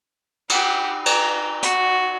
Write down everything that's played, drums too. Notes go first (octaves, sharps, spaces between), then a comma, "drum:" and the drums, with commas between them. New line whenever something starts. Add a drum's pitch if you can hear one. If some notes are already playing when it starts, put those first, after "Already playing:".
G4 F#5, drum: cymbal
A#5, drum: cymbal
F#4, drum: hi-hat